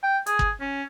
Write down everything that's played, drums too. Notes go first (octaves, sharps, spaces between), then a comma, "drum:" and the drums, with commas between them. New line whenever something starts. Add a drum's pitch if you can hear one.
G5
G#4, drum: hi-hat
drum: kick G1
C#4